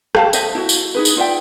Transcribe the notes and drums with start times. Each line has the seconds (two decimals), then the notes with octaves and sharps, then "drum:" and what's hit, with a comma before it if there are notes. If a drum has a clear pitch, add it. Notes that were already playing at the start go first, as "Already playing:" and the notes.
0.15 G4 F5 A5, drum: rim click
0.33 C5 D#5 E5, drum: tambourine
0.55 E4 F#4
0.69 drum: tambourine
0.95 D#4 G#4 B4
1.05 drum: tambourine
1.17 F4 D5 E5 G5